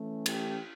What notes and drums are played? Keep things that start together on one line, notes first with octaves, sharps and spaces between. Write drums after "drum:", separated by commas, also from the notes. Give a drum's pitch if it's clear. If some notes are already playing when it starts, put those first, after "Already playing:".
Already playing: E3 A3 C#4
G4, drum: cymbal